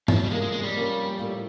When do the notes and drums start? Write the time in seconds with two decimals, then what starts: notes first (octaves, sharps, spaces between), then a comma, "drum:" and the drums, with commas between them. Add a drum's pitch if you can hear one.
0.08 F3, drum: tom G2
0.16 F#3
0.23 G3
0.31 C3 F3 G#3 A#3 C#4
0.42 G#3
0.52 G#3
0.63 G3
0.74 C3 F3 A#3 C#4
1.18 A2 F3 A#3